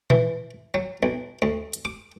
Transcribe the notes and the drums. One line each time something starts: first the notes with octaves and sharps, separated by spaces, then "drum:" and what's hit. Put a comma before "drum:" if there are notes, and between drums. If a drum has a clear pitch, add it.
E3, drum: tom A#2
F#3
B1
D2
drum: hi-hat
D6